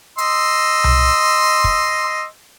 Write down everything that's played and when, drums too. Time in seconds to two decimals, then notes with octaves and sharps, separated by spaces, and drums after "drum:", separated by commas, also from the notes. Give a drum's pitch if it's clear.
0.18 D#5 C6 E6, drum: hi-hat
0.84 drum: tom C2
1.64 drum: kick